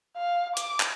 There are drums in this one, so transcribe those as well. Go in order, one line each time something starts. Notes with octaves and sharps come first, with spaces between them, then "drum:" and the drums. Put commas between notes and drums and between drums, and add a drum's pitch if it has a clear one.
F5
D6, drum: hi-hat
drum: clap